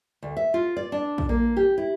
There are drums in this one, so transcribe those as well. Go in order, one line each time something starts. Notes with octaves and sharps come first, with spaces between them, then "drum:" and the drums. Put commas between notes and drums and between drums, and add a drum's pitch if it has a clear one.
D2
E5
F4
D5
D4
drum: kick
A#3
G4
E4